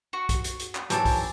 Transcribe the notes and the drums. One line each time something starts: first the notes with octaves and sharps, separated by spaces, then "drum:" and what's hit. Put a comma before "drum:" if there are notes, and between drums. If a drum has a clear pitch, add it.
F#4 C#6
drum: kick, hi-hat
drum: hi-hat
drum: hi-hat
drum: clap
G#2 E3 F#3 C4 G#5 A5 D6 A6, drum: hi-hat
drum: kick, open hi-hat